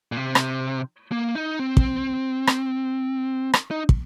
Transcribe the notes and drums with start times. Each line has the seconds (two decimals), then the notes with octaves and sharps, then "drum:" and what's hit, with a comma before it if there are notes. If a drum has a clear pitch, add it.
0.12 A#2
0.17 C3
0.35 drum: rim click
1.12 A#3
1.35 D#4
1.59 C4
1.77 drum: kick
2.47 drum: rim click
3.54 drum: rim click
3.71 D#4
3.89 drum: kick